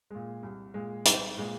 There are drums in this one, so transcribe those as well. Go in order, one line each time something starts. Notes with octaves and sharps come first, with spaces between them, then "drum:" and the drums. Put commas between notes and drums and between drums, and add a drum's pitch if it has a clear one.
A#2 G#3
C2
A#2 G#3
C2, drum: hi-hat
A#2 G#3